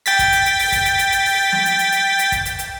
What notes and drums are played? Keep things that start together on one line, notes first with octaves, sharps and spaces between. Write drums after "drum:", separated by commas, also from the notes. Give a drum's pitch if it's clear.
G5 A6 B6, drum: hi-hat
drum: kick, hi-hat
drum: hi-hat
drum: hi-hat
drum: open hi-hat
drum: kick, hi-hat
drum: hi-hat
drum: hi-hat
drum: hi-hat
drum: open hi-hat
drum: snare
drum: hi-hat
drum: hi-hat
drum: hi-hat
drum: hi-hat
drum: kick, hi-hat
drum: hi-hat
drum: hi-hat